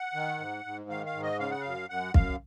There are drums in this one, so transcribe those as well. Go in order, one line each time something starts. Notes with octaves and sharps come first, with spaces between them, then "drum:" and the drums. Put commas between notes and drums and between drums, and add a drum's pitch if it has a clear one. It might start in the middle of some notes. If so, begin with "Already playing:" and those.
Already playing: F#5
D#3
G#2
G#2
D#3 F5
F5
G#2
D#5
C#3 F5
F#5
F#2 F5
F#2 F#5
F#2 F5, drum: kick